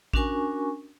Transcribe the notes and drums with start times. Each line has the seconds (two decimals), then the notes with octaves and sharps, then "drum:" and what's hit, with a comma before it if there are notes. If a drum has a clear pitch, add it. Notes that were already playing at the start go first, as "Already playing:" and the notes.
0.13 C#4 D4 F#4 A#4 G#5 C#6, drum: kick A1